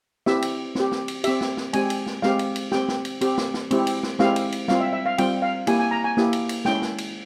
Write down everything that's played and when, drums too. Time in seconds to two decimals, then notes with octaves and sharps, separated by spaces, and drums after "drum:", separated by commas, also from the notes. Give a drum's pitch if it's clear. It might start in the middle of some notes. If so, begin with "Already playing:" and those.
0.26 C4 E4 G4 E5, drum: snare
0.42 drum: cymbal
0.75 C4 G4, drum: snare
0.92 drum: snare
1.08 drum: cymbal
1.24 C4 G4 E5, drum: cymbal
1.41 drum: snare
1.57 drum: snare
1.73 G#3 C4 G4 G#5, drum: cymbal
1.90 drum: cymbal
2.06 drum: snare
2.22 G#3 C4 G4 F5, drum: snare
2.39 drum: cymbal
2.56 drum: cymbal
2.72 C4 G4 G5, drum: snare
2.88 drum: snare
3.05 drum: cymbal
3.21 C4 G4, drum: cymbal
3.38 drum: snare
3.54 drum: snare
3.71 G#3 C4 E4 G4, drum: cymbal
3.87 drum: cymbal
4.03 drum: snare
4.19 G#3 C4 E4 G4 F5, drum: snare
4.36 drum: cymbal
4.52 drum: cymbal
4.68 G3 C4 F4 F5, drum: snare
4.81 E5
4.93 E5
5.06 F5
5.18 G3 C4 F4 G5, drum: cymbal
5.42 F5
5.67 A#3 E4 G4 G#5, drum: cymbal
5.79 G#5
5.91 A#5
6.04 G#5
6.17 A#3 E4 G4, drum: snare
6.33 drum: cymbal
6.49 drum: cymbal
6.65 G#3 C#4 E4 G5, drum: snare
6.82 drum: snare
6.98 drum: cymbal